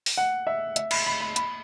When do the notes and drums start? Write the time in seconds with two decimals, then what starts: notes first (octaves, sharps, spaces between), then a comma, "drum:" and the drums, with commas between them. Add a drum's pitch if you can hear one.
0.06 drum: open hi-hat
0.17 F#5
0.47 E5
0.76 E5, drum: hi-hat
0.91 B5, drum: cymbal
1.06 B5
1.21 B5
1.36 B5, drum: hi-hat